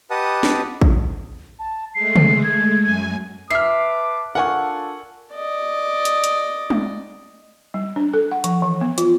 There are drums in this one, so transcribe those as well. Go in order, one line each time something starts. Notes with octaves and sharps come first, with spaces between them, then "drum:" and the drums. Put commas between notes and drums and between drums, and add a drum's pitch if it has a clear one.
G4 B4 D#5 F#5 A5 D#6
drum: snare
drum: kick
A5
G#3 A3 C7
drum: tom
G#6
F#2 G#5
B4 E5 A5 D6 F6 C7
D4 F4 A4 A#4 F#5 G#5 C#6
D5 D#5
drum: hi-hat
drum: hi-hat
drum: tom G3
G3
D4
A4
F#5
F3, drum: hi-hat
E3
B3
F4, drum: hi-hat